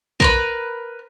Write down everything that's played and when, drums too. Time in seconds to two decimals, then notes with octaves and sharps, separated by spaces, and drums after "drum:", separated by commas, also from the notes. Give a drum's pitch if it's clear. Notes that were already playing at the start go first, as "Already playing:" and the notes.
0.20 A#4 B4 B5, drum: kick